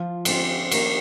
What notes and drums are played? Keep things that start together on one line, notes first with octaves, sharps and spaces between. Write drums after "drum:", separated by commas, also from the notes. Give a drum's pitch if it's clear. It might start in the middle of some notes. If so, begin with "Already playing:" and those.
Already playing: F3 F4
D3 G#3 C4 F4, drum: cymbal
D#3 A#3 D4, drum: cymbal